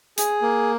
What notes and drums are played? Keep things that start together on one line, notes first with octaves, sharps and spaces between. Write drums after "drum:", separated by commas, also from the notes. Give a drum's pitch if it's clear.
G#4, drum: hi-hat
A#3